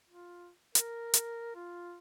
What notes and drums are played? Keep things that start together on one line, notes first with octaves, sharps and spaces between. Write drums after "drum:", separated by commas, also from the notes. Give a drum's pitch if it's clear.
F4
A#4, drum: hi-hat
drum: hi-hat
F4